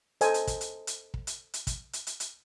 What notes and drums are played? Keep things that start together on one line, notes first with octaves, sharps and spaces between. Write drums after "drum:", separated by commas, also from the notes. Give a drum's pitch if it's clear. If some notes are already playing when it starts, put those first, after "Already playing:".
A4 C5 D#5 G#5, drum: hi-hat
drum: hi-hat
drum: kick, hi-hat
drum: hi-hat
drum: hi-hat
drum: kick
drum: hi-hat
drum: hi-hat
drum: kick, hi-hat
drum: hi-hat
drum: hi-hat
drum: hi-hat